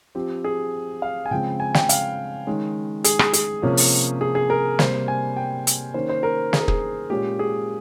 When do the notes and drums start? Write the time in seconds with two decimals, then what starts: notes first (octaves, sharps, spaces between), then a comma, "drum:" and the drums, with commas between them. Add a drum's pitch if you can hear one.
0.15 F3 C4 G4
0.44 G#4
1.02 F5
1.26 G#5
1.31 C#3 F3 G#3 C4 G5
1.60 G#5
1.74 G5, drum: snare
1.89 F5, drum: hi-hat
2.47 D#3 G#3 C#4
3.04 G#4, drum: hi-hat
3.19 G#4, drum: rim click
3.33 G#4, drum: hi-hat
3.62 C3 F3 A#3 C#4
3.77 drum: open hi-hat
4.21 G#4
4.35 G#4
4.50 A#4
4.79 C3 G3 A#3 C5, drum: snare
5.08 G#5
5.36 G5
5.67 drum: hi-hat
5.94 D#3 A#3 C#4 C5
6.09 C5
6.23 A#4
6.53 G#4, drum: snare
6.60 A#4
6.68 G#4, drum: kick
7.10 A#2 G#3 C#4 G4
7.39 G#4